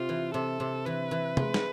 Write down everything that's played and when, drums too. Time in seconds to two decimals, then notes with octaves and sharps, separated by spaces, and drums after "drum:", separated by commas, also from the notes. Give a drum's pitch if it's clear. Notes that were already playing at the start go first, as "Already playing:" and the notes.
Already playing: C3 F4
0.09 E3
0.34 C3 A4
0.60 C3
0.85 E3 B4
1.11 E3
1.37 G#3, drum: tom C3
1.54 drum: snare